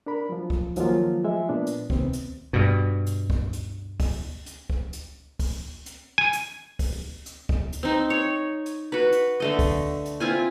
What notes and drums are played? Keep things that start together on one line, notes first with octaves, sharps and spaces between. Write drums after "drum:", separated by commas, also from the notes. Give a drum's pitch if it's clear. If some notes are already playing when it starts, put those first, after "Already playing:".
D4 A#4 B5
F3 F#3
drum: kick
D#3 F3 F#3 G#3 A#3 F4, drum: hi-hat
F3 G#3 E5
A#2 B3 D4
drum: hi-hat
D#2 C3 B3 C4, drum: kick
drum: hi-hat
G2 B2
drum: hi-hat
drum: kick
drum: hi-hat
drum: kick, open hi-hat
drum: hi-hat
drum: kick
drum: hi-hat
drum: kick, open hi-hat
drum: hi-hat
G#5
drum: hi-hat
drum: kick, open hi-hat
drum: hi-hat
drum: kick
drum: hi-hat
C4 D#4
C#5
drum: hi-hat
F#4 B4
drum: hi-hat
D3 A3 D#5
drum: kick, open hi-hat
drum: hi-hat
C4 E4 F4 G#5